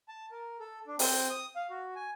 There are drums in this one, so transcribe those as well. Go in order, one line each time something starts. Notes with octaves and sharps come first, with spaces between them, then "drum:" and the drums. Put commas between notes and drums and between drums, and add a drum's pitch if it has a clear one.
A5
A#4
A4
D4
C4, drum: open hi-hat
D#6
F5
F#4
G#5